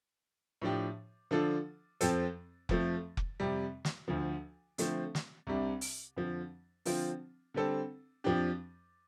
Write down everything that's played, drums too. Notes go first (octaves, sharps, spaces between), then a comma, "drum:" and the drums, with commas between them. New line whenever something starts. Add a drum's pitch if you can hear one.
A2 F3 D4 G4
D3 F3 D4 F4 A4
F2 F3 C4 A4, drum: hi-hat
F2 F3 A3, drum: kick F1
drum: kick F1
F2 C3 G3
drum: snare
D2 D3 F3
D3 F3 A3 C4, drum: hi-hat
drum: snare
C2 C3 G3 D4
drum: open hi-hat
F2 D3 F3
D3 F3 C4 F4, drum: open hi-hat
D3 G3 C4 A4
F2 F3 D4 G4